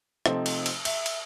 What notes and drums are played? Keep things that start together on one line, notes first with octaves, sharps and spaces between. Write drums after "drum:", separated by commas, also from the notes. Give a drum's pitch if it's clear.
C3 F3 A3 C4 D#4, drum: rim click
drum: cymbal
drum: cymbal
E5, drum: cymbal
drum: cymbal